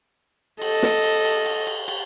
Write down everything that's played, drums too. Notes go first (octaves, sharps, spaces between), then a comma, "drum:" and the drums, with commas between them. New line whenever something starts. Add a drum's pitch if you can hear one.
A4 D#5, drum: cymbal
drum: snare
drum: cymbal
drum: cymbal
drum: cymbal
drum: cymbal
drum: cymbal